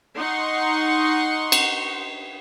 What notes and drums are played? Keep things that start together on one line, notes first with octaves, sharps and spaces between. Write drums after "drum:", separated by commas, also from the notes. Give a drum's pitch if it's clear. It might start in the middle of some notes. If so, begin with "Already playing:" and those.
D#4 F#5 C6 C#6
drum: cymbal